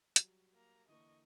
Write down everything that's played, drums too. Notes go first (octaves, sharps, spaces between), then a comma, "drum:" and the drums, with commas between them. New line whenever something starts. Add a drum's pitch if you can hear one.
F#3 G3, drum: hi-hat
A#3 A#5
D3 E3 A#3 D#5 C#6